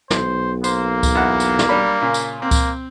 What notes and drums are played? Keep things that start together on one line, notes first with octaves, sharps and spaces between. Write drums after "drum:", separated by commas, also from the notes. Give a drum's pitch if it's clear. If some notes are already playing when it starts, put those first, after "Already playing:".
B1 C5, drum: snare
A#3 C5, drum: tambourine
drum: kick C#2, tambourine
E2 F#5
drum: tambourine
drum: snare
G3 D4 B5
A#2 C#3
drum: tambourine
A#3 C4
drum: kick C#2, tambourine